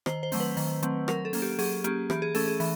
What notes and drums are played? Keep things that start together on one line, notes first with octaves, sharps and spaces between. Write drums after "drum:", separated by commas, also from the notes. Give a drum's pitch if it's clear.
D#3 C5, drum: rim click
C5
F#3 A3 C4, drum: open hi-hat
B4
D#3, drum: open hi-hat
F#3 A3 C4, drum: hi-hat
F#3 A#4, drum: rim click
A4
A#3 C#4, drum: open hi-hat
G4
F#3 G#4, drum: open hi-hat
A#3 C#4 G4, drum: hi-hat
E3 G4, drum: rim click
G#4
A3 C#4 A4, drum: open hi-hat
G#4
E3, drum: open hi-hat